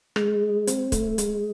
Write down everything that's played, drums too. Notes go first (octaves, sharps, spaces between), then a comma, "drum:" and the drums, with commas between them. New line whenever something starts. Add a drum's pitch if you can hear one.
G#3, drum: rim click
C4, drum: hi-hat
A3, drum: kick, hi-hat
G#3, drum: hi-hat